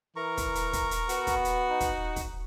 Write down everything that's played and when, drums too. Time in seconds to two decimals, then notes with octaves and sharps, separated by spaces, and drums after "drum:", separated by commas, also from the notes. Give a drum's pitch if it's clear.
0.16 E3 A#4 A#5 C#6
0.37 drum: kick, hi-hat
0.55 drum: hi-hat
0.73 drum: kick, hi-hat
0.91 drum: hi-hat
1.09 B3 F#4, drum: hi-hat
1.27 drum: kick, hi-hat
1.45 drum: hi-hat
1.69 D#4
1.80 drum: kick, hi-hat
2.16 drum: kick, hi-hat